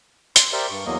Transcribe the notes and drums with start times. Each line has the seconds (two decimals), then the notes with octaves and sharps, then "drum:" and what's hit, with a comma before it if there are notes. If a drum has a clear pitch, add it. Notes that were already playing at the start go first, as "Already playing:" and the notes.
0.36 C6 E6, drum: hi-hat
0.53 G4 A#4 C5 D5 E5
0.70 G2 C#6
0.86 E2 F#3 A#3 D#5